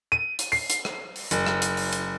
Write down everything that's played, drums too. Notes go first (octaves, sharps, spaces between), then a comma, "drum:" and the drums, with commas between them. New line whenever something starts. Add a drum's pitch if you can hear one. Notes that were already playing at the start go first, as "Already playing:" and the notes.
D#7
drum: hi-hat
C7, drum: open hi-hat
drum: hi-hat
drum: rim click
drum: open hi-hat
F#1, drum: hi-hat
drum: rim click
drum: hi-hat
drum: open hi-hat
drum: hi-hat